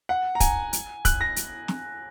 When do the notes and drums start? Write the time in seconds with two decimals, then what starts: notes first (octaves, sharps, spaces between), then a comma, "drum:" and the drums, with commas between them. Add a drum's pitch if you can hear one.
0.09 F#5
0.35 A#5
0.40 G#5, drum: kick, hi-hat
0.73 drum: hi-hat
1.05 F#6, drum: kick, hi-hat
1.21 A#6
1.36 drum: hi-hat
1.68 drum: snare